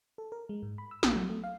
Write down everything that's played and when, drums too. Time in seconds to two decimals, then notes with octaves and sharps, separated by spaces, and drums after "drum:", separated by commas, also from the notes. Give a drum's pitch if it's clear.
0.18 A4
0.32 A#4
0.49 G#3
0.63 G#2
0.78 B5
0.91 E6
1.03 A#1, drum: snare
1.16 F#3
1.29 A3
1.44 F5